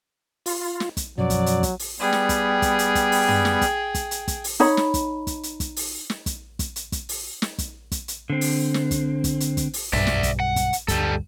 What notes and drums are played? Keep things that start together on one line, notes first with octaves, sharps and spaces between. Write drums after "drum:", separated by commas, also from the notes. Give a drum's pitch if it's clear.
F4, drum: open hi-hat
drum: snare
drum: kick, hi-hat
F#2 B2 F3 F#3 D5
drum: kick, hi-hat
drum: hi-hat
drum: kick, hi-hat
drum: open hi-hat
G3 B3 G#4 G5
drum: snare
drum: kick, hi-hat
drum: kick, hi-hat
drum: hi-hat
drum: kick, hi-hat
drum: open hi-hat
drum: tom
drum: snare
drum: kick, hi-hat
drum: kick, hi-hat
drum: hi-hat
drum: kick, hi-hat
drum: open hi-hat
D#4 C#5 B5
drum: snare
drum: kick, hi-hat
drum: kick, hi-hat
drum: hi-hat
drum: kick, hi-hat
drum: open hi-hat
drum: snare
drum: kick, hi-hat
drum: kick, hi-hat
drum: hi-hat
drum: kick, hi-hat
drum: open hi-hat
drum: snare
drum: kick, hi-hat
drum: kick, hi-hat
drum: hi-hat
D3 C4
drum: open hi-hat
drum: snare
drum: kick, hi-hat
drum: kick, hi-hat
drum: hi-hat
drum: kick, hi-hat
drum: open hi-hat
B1 G2 D5 E5, drum: tom
drum: snare
drum: kick, hi-hat
F#5
drum: kick, hi-hat
drum: hi-hat
D2 G2 G3 A4, drum: kick, hi-hat